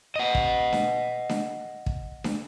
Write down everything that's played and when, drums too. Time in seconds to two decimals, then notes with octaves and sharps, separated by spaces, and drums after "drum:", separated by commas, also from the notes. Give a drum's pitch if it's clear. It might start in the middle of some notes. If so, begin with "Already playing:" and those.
0.16 D#5 F#5
0.35 drum: kick
0.73 drum: snare D4
1.29 drum: snare D4
1.86 drum: kick
2.24 drum: snare D4